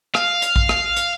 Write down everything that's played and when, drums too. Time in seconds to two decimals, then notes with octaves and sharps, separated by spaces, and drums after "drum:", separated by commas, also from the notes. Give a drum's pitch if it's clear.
0.15 F5, drum: rim click
0.42 drum: hi-hat
0.56 drum: kick A#1
0.69 drum: rim click
0.97 drum: hi-hat